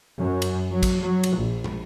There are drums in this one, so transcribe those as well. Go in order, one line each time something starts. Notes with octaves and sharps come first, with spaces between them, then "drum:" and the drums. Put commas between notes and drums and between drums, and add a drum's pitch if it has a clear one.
F#2
drum: cymbal
F#3
drum: kick A1, cymbal
F#3
drum: cymbal
A#1
drum: tom